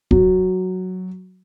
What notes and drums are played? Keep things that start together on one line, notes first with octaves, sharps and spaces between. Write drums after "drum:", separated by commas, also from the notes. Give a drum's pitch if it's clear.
F#3, drum: kick